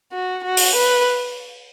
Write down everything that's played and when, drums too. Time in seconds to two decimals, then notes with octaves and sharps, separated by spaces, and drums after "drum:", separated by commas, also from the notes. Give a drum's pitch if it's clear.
0.13 F#4
0.45 F#4
0.57 drum: open hi-hat
0.76 B4